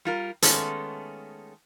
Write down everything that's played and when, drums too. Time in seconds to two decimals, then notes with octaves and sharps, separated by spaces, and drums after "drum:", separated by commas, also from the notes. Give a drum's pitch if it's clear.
0.05 G3 F4 A#4
0.42 D#3 G#3 A3 B3 C#4 A4, drum: hi-hat